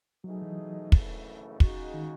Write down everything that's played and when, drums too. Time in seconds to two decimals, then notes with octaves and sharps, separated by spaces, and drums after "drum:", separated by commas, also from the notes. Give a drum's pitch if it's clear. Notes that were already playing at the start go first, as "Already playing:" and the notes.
0.24 B2 F#3 A3 D#4 G#4
0.42 E3
0.92 G#1 F#2 C#3 E3 A3, drum: kick
1.60 C#3 G#3 D#4 F#4, drum: kick
1.94 D#3